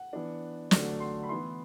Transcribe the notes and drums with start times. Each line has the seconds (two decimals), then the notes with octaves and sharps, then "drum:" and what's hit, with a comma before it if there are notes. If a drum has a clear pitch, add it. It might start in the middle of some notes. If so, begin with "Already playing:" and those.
Already playing: F#5
0.13 E3 B3 D4
0.71 D3 F#3 A3 D4, drum: snare
1.00 C6
1.23 B5
1.29 E3 B3 E4 C6